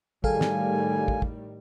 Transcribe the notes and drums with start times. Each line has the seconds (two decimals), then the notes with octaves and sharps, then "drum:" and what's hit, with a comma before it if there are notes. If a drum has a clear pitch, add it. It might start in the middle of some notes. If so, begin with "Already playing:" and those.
0.24 A2 D#3 G3 G#4 A4 F5 G#5, drum: kick
0.41 drum: snare
1.08 drum: kick
1.22 drum: kick